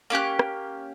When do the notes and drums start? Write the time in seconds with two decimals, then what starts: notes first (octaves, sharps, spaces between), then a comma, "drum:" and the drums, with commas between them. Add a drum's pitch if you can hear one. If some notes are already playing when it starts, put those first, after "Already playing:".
0.10 A#3 C#4 G4 F#6
0.39 drum: rim click